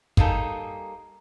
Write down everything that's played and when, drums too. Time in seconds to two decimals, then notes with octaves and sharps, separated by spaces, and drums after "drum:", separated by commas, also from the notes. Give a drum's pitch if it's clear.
0.17 G3 A#3 D#4 G#4 A4, drum: kick